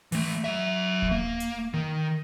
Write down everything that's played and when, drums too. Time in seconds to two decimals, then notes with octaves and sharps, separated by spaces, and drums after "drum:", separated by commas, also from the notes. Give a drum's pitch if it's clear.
0.12 E3 A3, drum: open hi-hat
0.44 F#3 E5
1.02 drum: kick D#1
1.12 A#3
1.40 drum: hi-hat
1.74 D#3